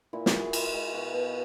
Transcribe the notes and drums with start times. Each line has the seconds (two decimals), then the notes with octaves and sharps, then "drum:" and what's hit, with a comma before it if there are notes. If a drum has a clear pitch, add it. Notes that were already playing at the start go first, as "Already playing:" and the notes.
0.13 A#2 E4
0.26 F#4, drum: snare
0.33 A#2
0.40 G#4
0.53 G#3, drum: cymbal
0.73 G#3
0.93 B2 F#4
1.13 B2